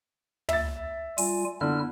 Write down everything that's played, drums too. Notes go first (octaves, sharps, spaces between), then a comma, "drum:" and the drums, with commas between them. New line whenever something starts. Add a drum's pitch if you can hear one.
E5 A6, drum: tom
G3 F4 G#5, drum: open hi-hat
D3 B3 E4 F6